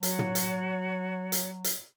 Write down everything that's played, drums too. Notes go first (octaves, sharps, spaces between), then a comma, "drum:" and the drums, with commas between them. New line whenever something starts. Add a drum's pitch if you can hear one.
F#3 F#4 C#5, drum: hi-hat
drum: tom
drum: hi-hat
drum: hi-hat
drum: hi-hat